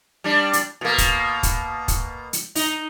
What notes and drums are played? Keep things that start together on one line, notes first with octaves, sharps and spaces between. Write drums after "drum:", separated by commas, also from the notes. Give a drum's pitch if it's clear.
G3 D4
drum: hi-hat
B2 A#3
drum: kick, hi-hat
drum: kick, hi-hat
drum: kick, hi-hat
drum: hi-hat
D#4, drum: open hi-hat